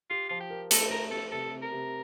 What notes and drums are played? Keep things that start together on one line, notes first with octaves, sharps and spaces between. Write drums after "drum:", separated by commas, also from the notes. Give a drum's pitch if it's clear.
F4 G4
F3 F4
G4
A#4
A3 A4, drum: hi-hat
A3 A#4
A3 A4
C3 A4
C3
A#4
C3